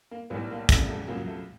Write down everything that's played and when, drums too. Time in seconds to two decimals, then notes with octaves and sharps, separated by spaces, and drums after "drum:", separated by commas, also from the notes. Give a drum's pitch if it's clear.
0.11 A#3
0.30 B1 A2 E3 G3 B3
0.51 A#3
0.69 E1 E2 C#3 E3 G3 A3, drum: kick, hi-hat
0.88 A3
1.08 C#2 C#3 F#3 A#3
1.27 A3